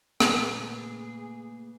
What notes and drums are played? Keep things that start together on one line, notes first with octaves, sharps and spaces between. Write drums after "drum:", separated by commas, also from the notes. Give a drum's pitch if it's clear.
A#2 C#3 E3 A3 G#4, drum: rim click